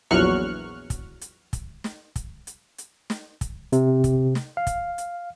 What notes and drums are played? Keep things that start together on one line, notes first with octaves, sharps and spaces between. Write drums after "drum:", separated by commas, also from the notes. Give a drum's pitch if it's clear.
A#1 E2 F#3 C#6 F6 F#6
drum: kick, hi-hat
drum: hi-hat
drum: kick, hi-hat
drum: snare
drum: kick, hi-hat
drum: hi-hat
drum: hi-hat
drum: snare
drum: kick, hi-hat
C3, drum: hi-hat
drum: kick, hi-hat
drum: snare
F5
drum: kick, hi-hat
drum: hi-hat